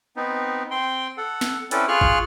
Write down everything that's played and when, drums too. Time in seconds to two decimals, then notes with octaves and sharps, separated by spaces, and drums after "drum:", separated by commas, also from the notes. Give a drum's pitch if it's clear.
0.16 B3 C4 D#4
0.71 C4 G5 C6
1.18 A4 F#5
1.41 drum: snare
1.71 C4 C#4 E4 A4 B4 D5, drum: hi-hat
1.88 F4 G#4 C#6 F6 F#6
2.01 drum: kick G1